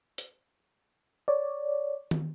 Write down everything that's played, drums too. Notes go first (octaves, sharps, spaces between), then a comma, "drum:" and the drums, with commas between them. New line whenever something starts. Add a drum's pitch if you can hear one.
drum: hi-hat
C#5 D5
drum: tom D#3